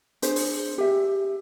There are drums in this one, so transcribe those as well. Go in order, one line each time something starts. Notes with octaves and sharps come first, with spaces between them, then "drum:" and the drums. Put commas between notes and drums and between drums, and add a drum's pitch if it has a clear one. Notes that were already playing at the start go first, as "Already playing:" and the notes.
D4 G#4 C5, drum: hi-hat
drum: open hi-hat
G4 E5